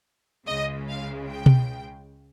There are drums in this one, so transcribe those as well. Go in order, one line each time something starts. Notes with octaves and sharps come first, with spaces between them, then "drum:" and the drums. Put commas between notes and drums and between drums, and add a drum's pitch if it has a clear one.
C#2 C#3 G#3 D#5
F5
G5
drum: tom B2